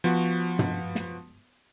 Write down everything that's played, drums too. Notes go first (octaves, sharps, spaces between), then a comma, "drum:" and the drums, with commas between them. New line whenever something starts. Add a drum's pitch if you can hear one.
F3 B3 F#4
drum: tom
drum: snare